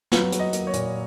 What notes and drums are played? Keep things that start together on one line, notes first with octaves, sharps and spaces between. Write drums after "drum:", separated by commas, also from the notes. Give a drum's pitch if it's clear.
F#3 B4, drum: snare
F#3, drum: hi-hat
D#5
A#3, drum: hi-hat
C#5
A#2, drum: hi-hat